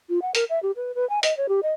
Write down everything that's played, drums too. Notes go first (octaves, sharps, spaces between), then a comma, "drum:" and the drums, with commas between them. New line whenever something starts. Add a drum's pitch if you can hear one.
F4
F#5
A#4, drum: hi-hat
E5
G4
B4
B4
G#5
D#5, drum: hi-hat
C#5
G4
D#5